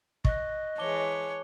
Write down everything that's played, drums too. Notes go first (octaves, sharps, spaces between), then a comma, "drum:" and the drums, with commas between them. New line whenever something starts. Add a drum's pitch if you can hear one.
D#5 C#6 F#6, drum: kick
E3 G#3 C#5 A5 D6 G7